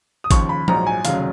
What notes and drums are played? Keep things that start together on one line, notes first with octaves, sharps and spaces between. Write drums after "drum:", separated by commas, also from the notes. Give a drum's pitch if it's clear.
D#6
D#2 C#3 F3 C#6, drum: kick G#1, hi-hat
B5
A#1 G#2 F#3 A#5, drum: tom F3
G#5
F1 D#2 C#3 F#3 F5, drum: hi-hat